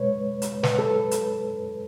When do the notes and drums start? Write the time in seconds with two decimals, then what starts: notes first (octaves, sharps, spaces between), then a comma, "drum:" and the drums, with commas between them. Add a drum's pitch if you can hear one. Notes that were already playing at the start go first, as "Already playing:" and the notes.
Already playing: B2 G#3 B4 C#5
0.42 drum: hi-hat
0.63 B4, drum: snare
0.79 A4
1.11 drum: hi-hat